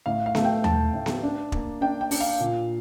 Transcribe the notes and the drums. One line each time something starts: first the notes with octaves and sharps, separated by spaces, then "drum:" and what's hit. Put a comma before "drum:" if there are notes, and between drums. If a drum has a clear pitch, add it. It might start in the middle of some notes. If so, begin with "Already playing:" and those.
A2 F5
F5
A3, drum: snare B3
G5
A3 A5, drum: tom D#2
A2
drum: snare B3
D4
A#3, drum: kick
D4 G5
G5
D4, drum: open hi-hat
F5
A#2